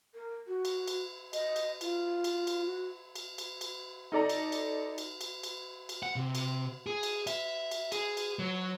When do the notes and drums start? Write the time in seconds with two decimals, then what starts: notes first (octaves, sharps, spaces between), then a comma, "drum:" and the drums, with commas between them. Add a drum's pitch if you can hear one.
0.15 A#4
0.48 F#4
0.65 drum: cymbal
0.88 drum: cymbal
1.33 D#5, drum: cymbal
1.56 drum: cymbal
1.81 F4, drum: cymbal
2.24 drum: cymbal
2.47 drum: cymbal
2.66 F#4
3.16 drum: cymbal
3.38 drum: cymbal
3.61 drum: cymbal
4.12 D#4 A4 D5 A#5
4.30 drum: cymbal
4.52 drum: cymbal
4.98 drum: cymbal
5.21 drum: cymbal
5.43 drum: cymbal
5.89 drum: cymbal
6.03 F#5
6.16 C3
6.35 drum: cymbal
6.87 G#4
7.03 drum: cymbal
7.27 E5, drum: cymbal
7.71 drum: cymbal
7.92 G#4, drum: cymbal
8.17 drum: cymbal
8.39 F#3